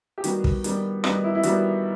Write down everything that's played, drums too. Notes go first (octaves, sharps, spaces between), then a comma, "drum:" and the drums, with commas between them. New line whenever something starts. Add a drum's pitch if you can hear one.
G4
D#3 G3 B3 F#4, drum: hi-hat
drum: kick
D#3 G3 B3, drum: hi-hat
D#3 G3 B3 D#4, drum: rim click
E4
E4
D#3 G3 B3 F#4, drum: hi-hat